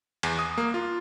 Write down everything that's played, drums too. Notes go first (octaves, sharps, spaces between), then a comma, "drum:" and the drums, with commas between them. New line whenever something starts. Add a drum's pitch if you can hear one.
E2, drum: cymbal
D#6
A#3
F4